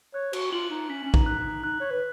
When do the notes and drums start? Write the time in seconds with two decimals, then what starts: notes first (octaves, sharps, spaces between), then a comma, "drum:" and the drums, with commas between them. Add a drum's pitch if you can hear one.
0.14 C#5 F#6
0.33 F#4, drum: cymbal
0.52 F4 F#7
0.71 D#4
0.89 C#4 B6
1.05 C#4
1.14 D#4, drum: kick
1.26 F#6
1.38 D#4
1.63 D#4 F#6
1.80 C#5
1.91 B4